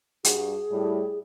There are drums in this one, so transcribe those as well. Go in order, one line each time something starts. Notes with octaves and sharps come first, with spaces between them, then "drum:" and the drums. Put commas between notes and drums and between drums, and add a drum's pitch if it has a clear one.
G2 G3 F#4 G#4, drum: hi-hat
A2 G3